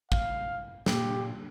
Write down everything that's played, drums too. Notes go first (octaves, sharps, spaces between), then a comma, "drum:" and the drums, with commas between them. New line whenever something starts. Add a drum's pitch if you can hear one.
F5, drum: kick
A#2 G4, drum: snare